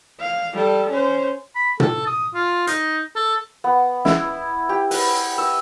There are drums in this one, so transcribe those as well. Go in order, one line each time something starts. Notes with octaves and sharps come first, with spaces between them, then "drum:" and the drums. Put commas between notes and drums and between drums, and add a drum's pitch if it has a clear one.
F5
G3 A4
C#4 C5
B5
A4, drum: tom A#2
D#6
F4
D#4, drum: hi-hat
A4
B3
E4, drum: snare
G4
B4, drum: open hi-hat
E6